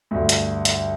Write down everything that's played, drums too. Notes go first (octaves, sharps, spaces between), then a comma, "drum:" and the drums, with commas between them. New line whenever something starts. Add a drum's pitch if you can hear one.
D2 G2
drum: hi-hat
drum: hi-hat